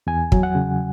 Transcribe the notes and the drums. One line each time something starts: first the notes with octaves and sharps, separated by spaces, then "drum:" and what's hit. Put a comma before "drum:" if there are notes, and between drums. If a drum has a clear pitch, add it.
E2 G#5
F#3, drum: kick
F#5
C#3